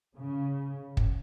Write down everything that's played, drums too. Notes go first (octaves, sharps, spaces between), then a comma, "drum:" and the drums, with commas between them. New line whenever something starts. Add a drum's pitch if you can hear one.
C#3
drum: kick